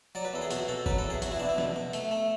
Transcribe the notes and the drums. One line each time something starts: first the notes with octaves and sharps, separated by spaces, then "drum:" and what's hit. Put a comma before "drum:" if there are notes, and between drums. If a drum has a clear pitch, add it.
F#3 D5
B4
E2 A4
G#4
B2 F#4, drum: hi-hat
B2 A4
F#3 B4, drum: kick
A4
E2
G#4
E2 F#4, drum: hi-hat
E4
B2 D4
E4
B2, drum: snare
B2
A3, drum: hi-hat
A3